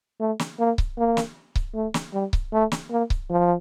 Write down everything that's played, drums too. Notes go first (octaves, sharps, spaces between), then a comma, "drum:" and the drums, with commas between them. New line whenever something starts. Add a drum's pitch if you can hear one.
A3
drum: snare
A#3
drum: kick C#1
A#3
drum: snare
drum: kick C#1
A3
drum: snare
G3
drum: kick C#1
A3
drum: snare
A#3
drum: kick C#1
F3